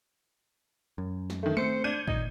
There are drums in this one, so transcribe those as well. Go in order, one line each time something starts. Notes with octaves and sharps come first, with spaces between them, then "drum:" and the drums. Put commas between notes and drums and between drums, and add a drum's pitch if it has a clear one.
F#2
drum: snare
D#3 A3
A3 C4 C5 C#7
D4 G6 G#6 D#7
A#2 D#4, drum: kick